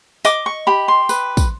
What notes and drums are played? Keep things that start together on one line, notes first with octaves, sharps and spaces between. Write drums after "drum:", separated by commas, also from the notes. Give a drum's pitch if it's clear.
D#5 D6, drum: tambourine
C#6
G4 B5
C6
B4, drum: tambourine
drum: kick, tambourine